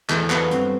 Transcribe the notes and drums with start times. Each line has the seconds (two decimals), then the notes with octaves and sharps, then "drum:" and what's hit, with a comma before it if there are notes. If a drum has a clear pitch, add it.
0.10 E2 A3, drum: clap
0.30 F#3 B3, drum: clap
0.51 G2 C4, drum: hi-hat